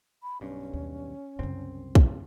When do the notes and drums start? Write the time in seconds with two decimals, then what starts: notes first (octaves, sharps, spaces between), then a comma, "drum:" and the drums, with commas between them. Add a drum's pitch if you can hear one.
0.23 B5
0.41 B1 G2 C#4
0.73 D#2
1.39 C2 F#2 C#3 C4
1.95 drum: kick